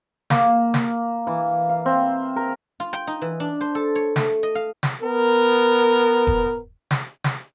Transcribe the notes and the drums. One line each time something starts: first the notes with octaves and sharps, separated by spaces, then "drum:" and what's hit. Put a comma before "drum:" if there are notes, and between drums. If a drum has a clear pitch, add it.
A#3, drum: snare
drum: snare
E3
F5
C4
A#4
F4
G5, drum: hi-hat
D#4
E3
D4
C5
A4
C#5
A3, drum: snare
D#5
F5
drum: snare
B3 A#4
drum: kick E1
drum: snare
drum: snare